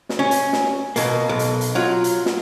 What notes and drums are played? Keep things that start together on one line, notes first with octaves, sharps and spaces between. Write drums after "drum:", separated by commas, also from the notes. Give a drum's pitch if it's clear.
drum: snare
C#4
drum: hi-hat
drum: snare
B2 A#3, drum: hi-hat
B1
drum: hi-hat
drum: hi-hat
F#3 F4
drum: hi-hat
drum: snare